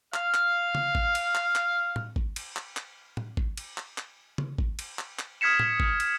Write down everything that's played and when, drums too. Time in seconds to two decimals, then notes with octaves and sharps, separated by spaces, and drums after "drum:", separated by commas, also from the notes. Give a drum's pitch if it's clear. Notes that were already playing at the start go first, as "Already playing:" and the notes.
0.14 F5 F6, drum: clap
0.34 drum: clap
0.75 drum: tom C#3
0.95 drum: kick G#1
1.15 drum: cymbal
1.35 drum: clap
1.55 drum: clap
1.96 drum: tom A2
2.16 drum: kick G#1
2.36 drum: cymbal
2.56 drum: clap
2.77 drum: clap
3.17 drum: tom A2
3.37 drum: kick G#1
3.57 drum: cymbal
3.78 drum: clap
3.98 drum: clap
4.38 drum: tom C#3
4.58 drum: kick G#1
4.79 drum: cymbal
4.99 drum: clap
5.19 drum: clap
5.41 D#6 F6 G#6 B6 C#7 E7
5.60 drum: tom A2
5.80 drum: kick G#1
6.00 drum: cymbal